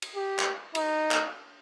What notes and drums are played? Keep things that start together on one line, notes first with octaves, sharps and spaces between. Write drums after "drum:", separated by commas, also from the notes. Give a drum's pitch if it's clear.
drum: cymbal
G4
drum: clap
D#4, drum: cymbal
drum: clap